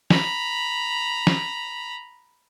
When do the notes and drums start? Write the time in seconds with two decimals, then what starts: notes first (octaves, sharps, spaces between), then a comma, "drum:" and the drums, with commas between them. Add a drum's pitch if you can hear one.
0.10 A#5 B5, drum: snare
1.27 drum: snare